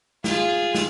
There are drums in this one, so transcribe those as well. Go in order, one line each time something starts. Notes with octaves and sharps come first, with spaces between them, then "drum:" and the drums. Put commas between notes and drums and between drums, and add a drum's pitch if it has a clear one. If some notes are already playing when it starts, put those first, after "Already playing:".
F4 G#4, drum: snare
drum: snare